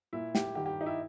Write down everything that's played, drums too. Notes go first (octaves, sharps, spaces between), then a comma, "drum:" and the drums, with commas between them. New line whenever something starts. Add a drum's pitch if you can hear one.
A#2 E4
G4, drum: snare
G2 D#3 G4
G4
D#4
E4